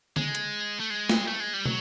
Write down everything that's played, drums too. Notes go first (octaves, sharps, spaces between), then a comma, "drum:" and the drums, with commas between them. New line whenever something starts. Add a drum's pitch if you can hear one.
G#3, drum: tom D3
drum: hi-hat
A3
G#3
drum: snare
A3
G#3
G3
F#3, drum: tom